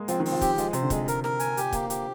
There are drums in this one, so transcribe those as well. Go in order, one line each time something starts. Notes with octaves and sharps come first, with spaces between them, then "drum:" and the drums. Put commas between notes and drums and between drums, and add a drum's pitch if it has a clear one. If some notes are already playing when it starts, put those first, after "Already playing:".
Already playing: G#3 A#3
F3 C4, drum: hi-hat
D#3
C4, drum: open hi-hat
F3
G4, drum: kick, hi-hat
F3 G#3, drum: hi-hat
C3 C5, drum: hi-hat
D3
G#3, drum: kick, hi-hat
A#4, drum: hi-hat
A#4, drum: snare
G#5, drum: hi-hat
G4, drum: hi-hat
A#3, drum: kick, hi-hat
G4, drum: hi-hat